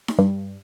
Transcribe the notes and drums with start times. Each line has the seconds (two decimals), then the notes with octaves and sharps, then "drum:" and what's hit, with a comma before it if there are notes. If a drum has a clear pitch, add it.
0.08 drum: snare D#4
0.18 G2